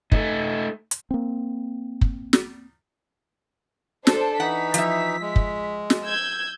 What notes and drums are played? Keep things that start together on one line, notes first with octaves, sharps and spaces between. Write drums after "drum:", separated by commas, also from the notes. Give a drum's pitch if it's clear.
A3 D#4, drum: kick
drum: hi-hat
A#3 C4
drum: kick
drum: snare
D4 A4 C5, drum: snare
E3 D#4 F#5 B6
F3 E5, drum: hi-hat
G#3
drum: kick
drum: snare
E6 G6 G#6